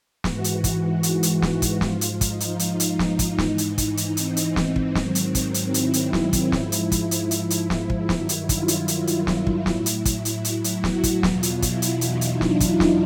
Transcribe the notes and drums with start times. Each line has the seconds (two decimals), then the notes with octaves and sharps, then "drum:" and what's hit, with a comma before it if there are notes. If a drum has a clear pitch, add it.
0.24 G#2 E3 F#4, drum: snare
0.44 drum: hi-hat
0.64 drum: kick, hi-hat
1.03 drum: hi-hat
1.23 drum: hi-hat
1.42 drum: snare
1.62 drum: kick, hi-hat
1.81 G#2 F3 F4, drum: snare
2.01 drum: hi-hat
2.21 D#4, drum: kick, hi-hat
2.40 drum: hi-hat
2.59 D#4, drum: hi-hat
2.80 drum: hi-hat
2.99 drum: snare
3.19 drum: kick, hi-hat
3.38 G#2 E3, drum: snare
3.58 drum: hi-hat
3.78 drum: kick, hi-hat
3.97 drum: hi-hat
4.17 C4, drum: hi-hat
4.37 drum: hi-hat
4.56 drum: snare
4.76 drum: kick
4.95 G#2 D#3 F#3, drum: snare
5.15 drum: hi-hat
5.35 drum: kick, hi-hat
5.54 drum: hi-hat
5.74 E4, drum: hi-hat
5.94 drum: hi-hat
6.13 drum: snare
6.33 drum: kick, hi-hat
6.52 G#2 F3, drum: snare
6.72 drum: hi-hat
6.92 drum: kick, hi-hat
7.11 drum: hi-hat
7.31 drum: hi-hat
7.50 drum: hi-hat
7.70 drum: snare
7.90 drum: kick
8.09 G2 D#3 F#3 E4, drum: snare
8.29 drum: hi-hat
8.49 F4, drum: kick, hi-hat
8.68 drum: hi-hat
8.88 E4, drum: hi-hat
9.07 drum: hi-hat
9.27 drum: snare
9.47 drum: kick
9.66 A2 F#3, drum: snare
9.86 drum: hi-hat
10.05 drum: kick, hi-hat
10.25 drum: hi-hat
10.45 E4, drum: hi-hat
10.64 drum: hi-hat
10.84 F#4, drum: snare
11.04 drum: kick, hi-hat
11.23 E2 B2 F#3 F4, drum: snare
11.43 drum: hi-hat
11.62 E4, drum: kick, hi-hat
11.82 drum: hi-hat
12.01 D#4, drum: hi-hat
12.21 drum: hi-hat
12.41 D4, drum: snare
12.60 drum: kick, hi-hat
12.80 drum: snare